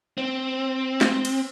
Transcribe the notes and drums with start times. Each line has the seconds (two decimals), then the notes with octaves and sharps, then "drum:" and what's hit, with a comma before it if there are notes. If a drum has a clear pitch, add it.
0.18 C4
1.01 drum: snare
1.25 drum: cymbal